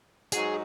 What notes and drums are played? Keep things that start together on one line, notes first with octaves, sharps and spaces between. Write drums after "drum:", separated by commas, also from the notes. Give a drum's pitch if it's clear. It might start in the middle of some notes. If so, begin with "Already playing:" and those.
G#2 F#3 D#4 F#4 G#4, drum: hi-hat